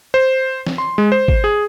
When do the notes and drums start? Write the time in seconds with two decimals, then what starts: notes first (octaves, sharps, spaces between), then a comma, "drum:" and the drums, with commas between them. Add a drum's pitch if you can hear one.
0.14 C5
0.67 drum: snare
0.78 C6
0.98 G#3
1.12 C5
1.28 drum: kick G#1
1.44 G#4